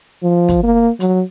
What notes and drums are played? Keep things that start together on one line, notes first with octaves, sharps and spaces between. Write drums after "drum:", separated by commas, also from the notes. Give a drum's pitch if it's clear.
F3
drum: kick, hi-hat
A#3
F#3, drum: hi-hat